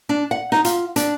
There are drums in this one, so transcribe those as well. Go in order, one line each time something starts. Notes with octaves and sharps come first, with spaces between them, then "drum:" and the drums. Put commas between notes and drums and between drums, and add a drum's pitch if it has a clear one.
D4
F#5
D#4, drum: snare
F4, drum: hi-hat
D4, drum: hi-hat